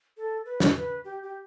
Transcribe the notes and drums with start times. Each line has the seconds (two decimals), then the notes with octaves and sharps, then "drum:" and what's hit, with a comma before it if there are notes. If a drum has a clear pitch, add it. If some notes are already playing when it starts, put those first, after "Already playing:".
0.17 A4
0.45 B4
0.60 drum: snare
0.75 B4
1.05 G4
1.23 G4